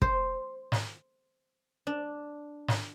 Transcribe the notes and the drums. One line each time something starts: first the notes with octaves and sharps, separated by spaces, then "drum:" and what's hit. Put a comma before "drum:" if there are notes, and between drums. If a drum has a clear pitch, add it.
C5, drum: kick
drum: snare
D4
drum: snare